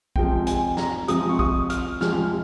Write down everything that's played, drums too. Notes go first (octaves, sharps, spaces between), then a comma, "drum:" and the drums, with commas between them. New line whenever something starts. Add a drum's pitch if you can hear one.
F2 C3 F3 G#3 G5, drum: kick
G#5, drum: hi-hat
A#5, drum: snare
F2 C3 F3 G#3 D#6, drum: hi-hat
C#6
D#6, drum: kick
F6, drum: hi-hat
F2 C3 F3 G#3 F6, drum: snare